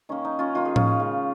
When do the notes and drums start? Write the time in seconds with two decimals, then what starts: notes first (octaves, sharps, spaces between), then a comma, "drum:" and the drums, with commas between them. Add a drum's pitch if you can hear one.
0.09 D#3 A#3 C#4
0.25 D#4
0.39 C#4 F4
0.55 D#3 A#3 F4
0.65 G#4
0.76 C#4 F4, drum: tom A2
1.00 C#3 G#3